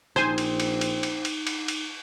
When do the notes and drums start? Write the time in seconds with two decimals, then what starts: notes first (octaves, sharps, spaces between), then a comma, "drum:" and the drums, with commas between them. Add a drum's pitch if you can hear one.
0.16 A#1 C4 D#4 C5 G#5, drum: rim click
0.38 drum: cymbal
0.60 drum: cymbal
0.81 drum: cymbal
1.03 drum: cymbal
1.25 drum: cymbal
1.47 drum: cymbal
1.68 drum: cymbal